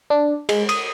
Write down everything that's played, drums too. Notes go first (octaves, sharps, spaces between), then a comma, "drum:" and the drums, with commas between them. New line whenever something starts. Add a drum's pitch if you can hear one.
D4
G#3, drum: cymbal
D#6, drum: cymbal